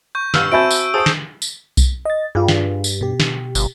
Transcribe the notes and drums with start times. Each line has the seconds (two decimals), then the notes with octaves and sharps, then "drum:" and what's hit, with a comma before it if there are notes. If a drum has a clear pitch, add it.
0.15 C#6 G6
0.34 G2 F5 E6 F6, drum: snare
0.52 C4 F#4 E5 G#5 A5 B5 G6 D7
0.71 drum: tambourine
0.94 G#4 C5 A5 D#6 D7
1.06 drum: snare
1.42 drum: tambourine
1.77 drum: kick B1, tambourine
2.05 D#5 A6
2.35 G2 F4 G#4
2.48 drum: snare
2.84 drum: tambourine
3.01 B2 G4
3.20 drum: snare
3.55 G1, drum: tambourine